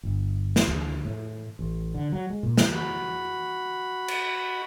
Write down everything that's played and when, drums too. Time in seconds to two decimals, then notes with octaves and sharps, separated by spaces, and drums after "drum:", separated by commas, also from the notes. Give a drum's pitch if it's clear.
0.03 G1
0.56 drum: snare
0.68 D2
1.05 A2
1.59 A1
1.94 D3
2.12 F#3
2.30 G#3
2.43 A#2
2.57 drum: snare
2.75 F#4 B5
4.08 drum: cymbal